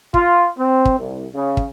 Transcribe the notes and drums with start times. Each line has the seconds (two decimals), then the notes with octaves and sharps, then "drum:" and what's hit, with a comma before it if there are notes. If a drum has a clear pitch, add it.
0.14 F4, drum: kick
0.58 C4
0.85 drum: kick
0.98 C2
1.35 C#3
1.57 drum: kick